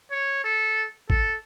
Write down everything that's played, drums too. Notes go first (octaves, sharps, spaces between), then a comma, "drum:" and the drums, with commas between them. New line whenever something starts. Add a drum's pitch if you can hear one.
C#5
A4
A4, drum: kick G#1